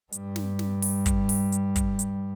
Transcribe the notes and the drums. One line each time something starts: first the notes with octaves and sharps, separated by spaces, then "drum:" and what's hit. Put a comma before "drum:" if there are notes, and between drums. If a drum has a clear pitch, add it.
G2 G3, drum: hi-hat
drum: snare
drum: snare
drum: open hi-hat
drum: kick, hi-hat
drum: open hi-hat
drum: hi-hat
drum: kick, hi-hat
drum: hi-hat